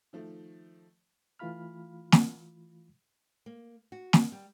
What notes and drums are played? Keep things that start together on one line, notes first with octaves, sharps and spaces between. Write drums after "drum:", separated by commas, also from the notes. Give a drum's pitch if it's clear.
D#3 F3 A3
E3 A3 F4 F5 B5 F6
drum: snare
A#3
F#4
drum: snare
G3